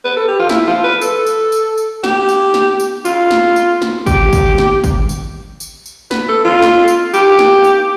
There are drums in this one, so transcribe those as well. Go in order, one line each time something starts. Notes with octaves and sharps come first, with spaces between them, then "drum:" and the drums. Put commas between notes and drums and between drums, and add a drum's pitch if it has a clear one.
B4
A4
G4
F4
E4, drum: snare
F4
B4
A4, drum: tambourine
drum: tambourine
drum: tambourine
drum: tambourine
G4, drum: snare
drum: tambourine
drum: snare
drum: tambourine
F4, drum: tambourine
drum: snare
drum: tambourine
drum: snare
G4, drum: kick G#1, tambourine
drum: kick G#1, tambourine
drum: snare
drum: kick G#1, tambourine
drum: tambourine
drum: tambourine
drum: tambourine
B4, drum: snare
A4
F4
drum: snare
drum: tambourine
G4, drum: tambourine
drum: snare
drum: tambourine